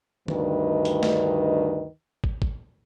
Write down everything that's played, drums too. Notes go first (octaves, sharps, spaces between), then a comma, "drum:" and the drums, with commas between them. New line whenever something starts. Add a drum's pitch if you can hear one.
D2 G2 D#3 B4 D#5, drum: tom D3
drum: hi-hat
drum: snare
drum: kick
drum: kick